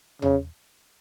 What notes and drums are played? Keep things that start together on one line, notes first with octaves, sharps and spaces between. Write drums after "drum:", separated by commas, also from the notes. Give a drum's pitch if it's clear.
C#3, drum: tom E2